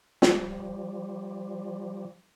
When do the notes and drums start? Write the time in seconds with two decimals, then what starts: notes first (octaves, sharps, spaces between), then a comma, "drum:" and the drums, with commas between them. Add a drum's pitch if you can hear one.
0.22 F3 G3, drum: snare